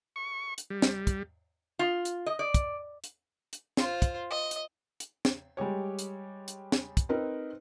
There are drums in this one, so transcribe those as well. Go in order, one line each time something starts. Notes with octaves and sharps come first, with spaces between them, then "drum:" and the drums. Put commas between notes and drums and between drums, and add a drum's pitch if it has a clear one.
C#6
drum: hi-hat
G3
drum: snare
drum: kick, hi-hat
F4
drum: hi-hat
D#5
D5
drum: kick, hi-hat
drum: hi-hat
drum: hi-hat
F4 C5, drum: snare
drum: kick, hi-hat
D#5
drum: hi-hat
drum: hi-hat
drum: snare
G3 G#3 G4 C#5
drum: hi-hat
drum: hi-hat
drum: snare
drum: kick, hi-hat
C4 D#4 A#4 B4